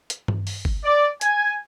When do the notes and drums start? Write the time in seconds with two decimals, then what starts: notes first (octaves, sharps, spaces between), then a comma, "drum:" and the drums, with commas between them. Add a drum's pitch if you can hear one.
0.10 drum: hi-hat
0.28 drum: tom G2
0.47 drum: open hi-hat
0.65 drum: kick G1
0.83 D5
1.21 G#5, drum: hi-hat